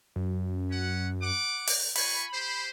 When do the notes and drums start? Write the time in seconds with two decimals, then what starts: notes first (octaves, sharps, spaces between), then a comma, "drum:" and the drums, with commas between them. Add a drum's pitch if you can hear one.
0.16 F#2
0.71 C#4 F#5
1.21 F#5 D6
1.67 drum: open hi-hat
1.96 F4 G#5 B5 C#6, drum: open hi-hat
2.33 G4 C5